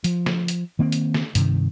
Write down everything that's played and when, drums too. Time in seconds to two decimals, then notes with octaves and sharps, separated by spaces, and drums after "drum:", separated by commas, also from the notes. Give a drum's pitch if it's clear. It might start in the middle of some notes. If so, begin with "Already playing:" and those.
0.04 F3, drum: hi-hat
0.26 drum: snare
0.48 drum: hi-hat
0.79 D#3 A#3 C4
0.92 drum: hi-hat
1.14 drum: snare
1.35 G2 C3 D#3, drum: hi-hat